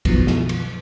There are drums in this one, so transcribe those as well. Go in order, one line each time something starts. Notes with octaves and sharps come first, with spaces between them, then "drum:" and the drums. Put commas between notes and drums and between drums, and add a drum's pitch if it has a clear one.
F#2 B2 D#3 F3 F#3 B3, drum: kick, cymbal
drum: snare
drum: cymbal